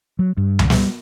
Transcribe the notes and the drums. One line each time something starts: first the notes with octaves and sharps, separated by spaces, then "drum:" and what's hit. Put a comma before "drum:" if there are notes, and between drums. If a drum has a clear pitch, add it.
F#3
G2
drum: tom C#2
G3, drum: snare